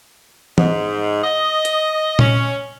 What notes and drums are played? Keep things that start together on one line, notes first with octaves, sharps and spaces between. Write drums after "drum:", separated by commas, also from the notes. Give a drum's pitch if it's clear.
G#2, drum: tom
D#5
drum: hi-hat
C#4, drum: tom A#2